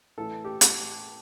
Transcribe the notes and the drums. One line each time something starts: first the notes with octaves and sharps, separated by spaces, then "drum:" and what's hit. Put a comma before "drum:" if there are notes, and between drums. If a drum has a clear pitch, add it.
A2 E3 A4
G4
drum: hi-hat